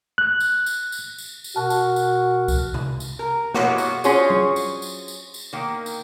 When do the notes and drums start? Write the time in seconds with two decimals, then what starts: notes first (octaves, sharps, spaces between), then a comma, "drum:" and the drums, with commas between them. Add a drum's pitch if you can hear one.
0.18 F#6
0.40 drum: tambourine
0.66 drum: tambourine
0.92 drum: tambourine
1.18 drum: tambourine
1.44 drum: tambourine
1.56 B2 F#4 A#4 A5 F#6
1.70 drum: tambourine
1.96 drum: tambourine
2.48 drum: kick C2, tambourine
2.74 drum: tom C3
3.00 drum: tambourine
3.19 A#4
3.54 B2 F#3 G#3 A#3 E4 F#4, drum: snare
3.78 drum: tambourine
4.04 C#4 F4 F#4 G#4 C5 C#5, drum: tambourine
4.30 drum: tom F#3
4.56 drum: tambourine
4.82 drum: tambourine
5.08 drum: tambourine
5.34 drum: tambourine
5.53 D#3 A#3
5.86 drum: tambourine